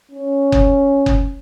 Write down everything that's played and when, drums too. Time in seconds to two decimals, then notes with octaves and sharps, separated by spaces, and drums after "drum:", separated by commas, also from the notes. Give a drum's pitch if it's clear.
0.11 C#4
0.52 drum: kick F#1
1.06 drum: kick F#1